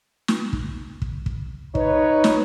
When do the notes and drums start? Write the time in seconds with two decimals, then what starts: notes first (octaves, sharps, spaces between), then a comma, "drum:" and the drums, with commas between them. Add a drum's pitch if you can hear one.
0.28 drum: snare
0.53 drum: kick
1.02 drum: kick
1.26 drum: kick
1.75 D#4 B4 C#5, drum: kick
2.24 drum: snare